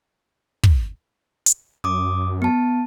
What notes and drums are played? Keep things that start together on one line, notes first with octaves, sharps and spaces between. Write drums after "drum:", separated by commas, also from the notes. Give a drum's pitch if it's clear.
drum: kick
drum: hi-hat
F#2 D6 D#6
B3 A5